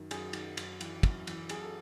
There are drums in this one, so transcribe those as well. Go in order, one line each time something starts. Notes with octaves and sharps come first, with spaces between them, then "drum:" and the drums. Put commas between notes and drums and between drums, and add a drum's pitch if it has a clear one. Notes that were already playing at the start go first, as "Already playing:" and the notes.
Already playing: F#2 D#3
F#2 G#4, drum: cymbal
D#3, drum: cymbal
F#2, drum: cymbal
E3, drum: cymbal
F#2, drum: kick, cymbal
E3, drum: cymbal
F#2 G#4, drum: cymbal
A4